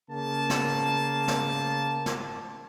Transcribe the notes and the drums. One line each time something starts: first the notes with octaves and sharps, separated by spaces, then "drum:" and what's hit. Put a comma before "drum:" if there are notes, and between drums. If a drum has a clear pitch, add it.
C#3 A#3 A5
drum: snare
drum: snare
drum: snare